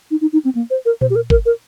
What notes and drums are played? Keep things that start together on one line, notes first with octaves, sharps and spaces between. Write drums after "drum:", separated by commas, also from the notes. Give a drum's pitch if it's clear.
D#4
D#4
D#4
C4
A#3
C5
A#4
C5, drum: tom A#2
G4
A#4
A#4, drum: kick G1
A#4